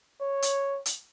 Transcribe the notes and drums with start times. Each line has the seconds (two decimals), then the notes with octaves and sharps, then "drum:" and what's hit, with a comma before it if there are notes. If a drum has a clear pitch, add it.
0.21 C#5
0.42 drum: hi-hat
0.86 drum: hi-hat